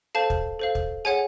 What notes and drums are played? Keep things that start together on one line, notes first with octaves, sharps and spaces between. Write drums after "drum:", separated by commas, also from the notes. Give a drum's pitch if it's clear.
A4 C5 F5 A5
drum: kick
A4 C5 F5
drum: kick
G#4 C#5 F#5 G#5